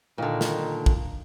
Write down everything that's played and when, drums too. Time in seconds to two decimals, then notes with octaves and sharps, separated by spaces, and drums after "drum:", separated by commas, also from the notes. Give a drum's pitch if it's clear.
0.18 A#2 D3 D#3
0.41 drum: snare
0.86 drum: kick